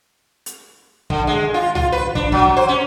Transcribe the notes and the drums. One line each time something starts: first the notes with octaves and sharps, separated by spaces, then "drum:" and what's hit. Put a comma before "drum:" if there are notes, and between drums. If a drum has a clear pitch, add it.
drum: hi-hat
D3, drum: kick
G#3
F4
F4, drum: tom C2
B4
D4, drum: kick
F#3, drum: kick
C5
C#4